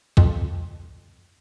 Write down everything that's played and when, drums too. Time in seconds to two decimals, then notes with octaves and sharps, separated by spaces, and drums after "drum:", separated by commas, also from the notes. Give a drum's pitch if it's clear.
0.17 F2, drum: kick